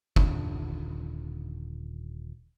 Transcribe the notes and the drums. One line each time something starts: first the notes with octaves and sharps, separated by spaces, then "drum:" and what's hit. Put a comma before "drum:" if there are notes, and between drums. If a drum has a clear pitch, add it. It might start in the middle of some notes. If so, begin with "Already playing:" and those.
D#1 D3, drum: kick